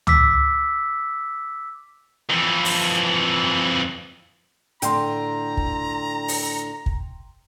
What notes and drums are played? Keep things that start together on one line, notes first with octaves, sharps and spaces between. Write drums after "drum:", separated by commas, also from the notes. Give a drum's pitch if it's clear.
D6 E6 B6, drum: tom C#2
F2 E3
drum: open hi-hat
A2 D3 G5 A#5 C6, drum: hi-hat
drum: kick
drum: open hi-hat
drum: kick